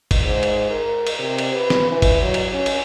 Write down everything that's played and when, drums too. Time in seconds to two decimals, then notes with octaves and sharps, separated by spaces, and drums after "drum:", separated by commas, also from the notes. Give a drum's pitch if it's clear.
0.11 drum: kick F#1, cymbal
0.25 G#2
0.43 drum: cymbal
0.71 A#4
1.07 drum: cymbal
1.19 C3
1.38 drum: cymbal
1.54 B4
1.70 drum: snare
1.91 E3
2.02 drum: kick F#1, cymbal
2.22 F#3
2.34 drum: cymbal
2.53 C#4
2.66 drum: cymbal